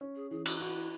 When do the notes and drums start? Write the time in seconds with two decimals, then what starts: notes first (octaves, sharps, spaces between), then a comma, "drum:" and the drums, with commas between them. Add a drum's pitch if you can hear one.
0.01 C#4
0.16 G#4
0.31 E3 G#4
0.46 F#4, drum: cymbal
0.60 E4 F#4